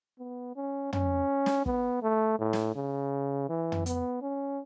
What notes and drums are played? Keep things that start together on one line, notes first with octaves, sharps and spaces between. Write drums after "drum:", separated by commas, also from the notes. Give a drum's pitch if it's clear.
B3
C#4
C#4, drum: tom
drum: snare
B3, drum: kick
A3
A2
drum: snare
C#3
E3
drum: tom
B3, drum: hi-hat
C#4